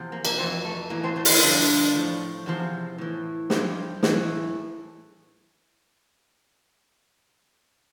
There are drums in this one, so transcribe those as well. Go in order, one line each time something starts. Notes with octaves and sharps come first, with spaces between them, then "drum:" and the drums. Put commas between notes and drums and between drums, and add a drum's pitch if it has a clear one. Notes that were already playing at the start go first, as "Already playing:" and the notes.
Already playing: E2 C3 F3
A#3
A#3 D4, drum: cymbal
F2 E3 A3 C4
A3
A2 E3 A#3
A3 C4
A3 C4
F4, drum: open hi-hat
C4 E4
G2 D3 F3 D4 F4
A2 F3
E2 C3 F3
A2 E3
G2 F3 E4 G4, drum: snare
A2 E3, drum: snare